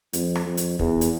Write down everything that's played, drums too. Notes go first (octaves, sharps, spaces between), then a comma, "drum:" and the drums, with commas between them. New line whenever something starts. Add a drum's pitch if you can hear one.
F2, drum: hi-hat
drum: rim click
F2
drum: hi-hat
E2, drum: kick
drum: hi-hat